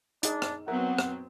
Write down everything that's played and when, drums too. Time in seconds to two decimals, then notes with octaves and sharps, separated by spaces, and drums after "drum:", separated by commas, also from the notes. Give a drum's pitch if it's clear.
0.23 D4 D#4 G#4, drum: hi-hat
0.42 drum: rim click
0.68 F#3 B3 C4 A#4 E5 F#5
0.98 drum: rim click